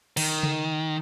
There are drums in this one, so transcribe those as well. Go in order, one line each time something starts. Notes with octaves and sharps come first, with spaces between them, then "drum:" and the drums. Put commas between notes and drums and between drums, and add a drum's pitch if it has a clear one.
D#3, drum: cymbal
drum: tom C#3